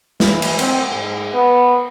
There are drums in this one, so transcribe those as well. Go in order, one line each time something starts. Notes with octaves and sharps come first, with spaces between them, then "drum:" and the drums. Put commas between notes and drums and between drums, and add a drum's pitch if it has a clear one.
E3, drum: snare
drum: cymbal
C4, drum: cymbal
G#2
B3